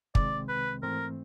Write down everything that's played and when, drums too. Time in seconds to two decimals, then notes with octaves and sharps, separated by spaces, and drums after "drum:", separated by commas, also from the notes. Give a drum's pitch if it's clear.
0.15 C2 C3 D#3 G#3 C4 D5, drum: kick
0.49 B4
0.83 G#2 E3 A3 C4 A#4